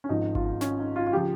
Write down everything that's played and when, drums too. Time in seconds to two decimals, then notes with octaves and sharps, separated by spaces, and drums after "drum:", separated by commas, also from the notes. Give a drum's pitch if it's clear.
0.04 C#4
0.09 G#1 G#2 F3 D#4
0.35 F4, drum: kick G#1
0.61 C#4, drum: snare
0.79 D#4
0.96 F4
1.07 F4
1.13 C#3 F3 G4